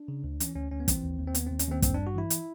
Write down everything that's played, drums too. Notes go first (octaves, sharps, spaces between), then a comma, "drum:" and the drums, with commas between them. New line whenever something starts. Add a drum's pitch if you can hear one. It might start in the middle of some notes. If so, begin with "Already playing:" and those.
Already playing: D4
C#3
D2
E3 C#4, drum: hi-hat
D2 C#4
D2 C#4
B3
E3 C4, drum: kick, hi-hat
D#2
D#2
C4
D#2 B3, drum: hi-hat
D#2 C4
C#4, drum: hi-hat
D#2 C4
G2 C4, drum: kick, hi-hat
G2 D4
F#4
E3 E4
drum: hi-hat